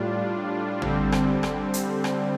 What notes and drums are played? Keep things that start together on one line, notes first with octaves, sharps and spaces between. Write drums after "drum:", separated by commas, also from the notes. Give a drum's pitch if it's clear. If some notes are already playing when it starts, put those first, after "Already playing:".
Already playing: A2 G3 D4 F4
D3 G3 C4, drum: tom
drum: rim click
drum: rim click
drum: hi-hat
drum: rim click